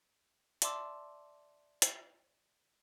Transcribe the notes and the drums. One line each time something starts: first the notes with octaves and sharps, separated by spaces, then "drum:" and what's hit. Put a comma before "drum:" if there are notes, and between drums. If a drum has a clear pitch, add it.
D5 E5 A5 C6 D6 E6, drum: hi-hat
drum: hi-hat